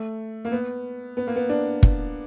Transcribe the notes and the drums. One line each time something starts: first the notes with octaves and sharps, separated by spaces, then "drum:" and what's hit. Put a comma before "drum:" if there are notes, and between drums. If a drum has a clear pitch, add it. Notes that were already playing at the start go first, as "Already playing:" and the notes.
Already playing: A3
A#3
B3
B3
A#3
B3
D4
drum: kick